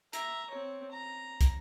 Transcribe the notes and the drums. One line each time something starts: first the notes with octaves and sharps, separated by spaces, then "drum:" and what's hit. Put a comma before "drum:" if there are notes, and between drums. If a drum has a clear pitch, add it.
E5 A#5, drum: hi-hat
C4 C#5
A#5
drum: kick, hi-hat